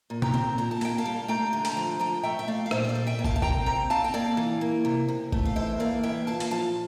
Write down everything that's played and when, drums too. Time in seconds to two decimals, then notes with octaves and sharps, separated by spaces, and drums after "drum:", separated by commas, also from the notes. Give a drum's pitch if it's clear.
0.10 A#2
0.22 G5 A#5, drum: tom
0.34 C4
0.58 A#2 A#5
0.71 A5
0.81 A#3 G5, drum: hi-hat
0.98 F5 A5
1.05 G3
1.28 A3 G5 A#5
1.53 D3
1.65 G5 A#5, drum: hi-hat
1.77 F3
2.00 F3 G5 A#5
2.23 A3 E5 G5
2.39 E5
2.48 A3 D5 F5
2.66 F5
2.71 A#2 C5 E5, drum: rim click
2.85 G5
2.89 D5 F5
2.95 G3
3.07 E5 G5
3.19 A#2
3.24 F5 A5, drum: kick
3.36 A5
3.42 C3 G5 A#5, drum: kick
3.66 C4 G5 A#5
3.90 C4 F5 A5
4.04 G5
4.14 A#3 D5 F5
4.37 E3
4.61 A#3
4.85 C3
5.08 C3
5.32 A3, drum: kick
5.45 F5
5.56 E3 C5 E5
5.80 A#3 D5 F5
6.03 E3 E5 G5
6.27 A#2 F5 A5
6.40 drum: hi-hat
6.51 F3 F5 A5